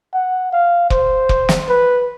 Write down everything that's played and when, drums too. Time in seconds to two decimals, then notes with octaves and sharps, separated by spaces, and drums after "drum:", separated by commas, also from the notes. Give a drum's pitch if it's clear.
0.14 F#5
0.52 F5
0.90 C5, drum: kick
1.29 drum: kick
1.49 drum: snare
1.68 B4